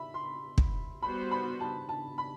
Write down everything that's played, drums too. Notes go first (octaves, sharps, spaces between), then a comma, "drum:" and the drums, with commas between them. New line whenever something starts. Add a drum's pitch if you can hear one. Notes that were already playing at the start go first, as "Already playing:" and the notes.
Already playing: E5 B5
C6
drum: kick
G3 B3 F#4 C5 B5
B5
A5
A5
B5